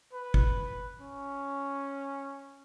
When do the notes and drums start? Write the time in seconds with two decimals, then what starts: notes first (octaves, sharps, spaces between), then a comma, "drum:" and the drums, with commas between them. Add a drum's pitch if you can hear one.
0.13 B4
0.34 drum: kick G1
1.01 C#4